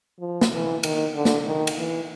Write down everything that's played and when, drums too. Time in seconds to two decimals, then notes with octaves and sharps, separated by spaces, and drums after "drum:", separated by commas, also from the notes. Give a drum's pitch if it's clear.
0.20 F3
0.41 drum: snare
0.53 E3
0.83 D#3, drum: cymbal
1.14 D3
1.25 drum: snare
1.47 D#3
1.67 drum: cymbal
1.78 E3